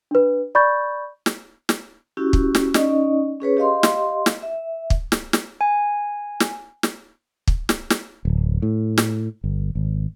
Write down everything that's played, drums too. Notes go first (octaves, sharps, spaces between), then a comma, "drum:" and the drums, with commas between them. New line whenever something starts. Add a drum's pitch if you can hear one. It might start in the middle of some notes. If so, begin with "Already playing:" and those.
D4 B4
D5 B5 C#6 G6 A6
drum: snare
drum: snare
C#4 E4 F#4 G4
drum: kick
drum: snare
C#4 D#4 D5 D#5, drum: snare
C#4 G#4 B4 C#5
G4 D#5 F5 C6
drum: snare
drum: snare
E5
drum: kick
drum: snare
drum: snare
G#5
drum: snare
drum: snare
drum: kick
drum: snare
drum: snare
D1
A2
drum: snare
G1
G#1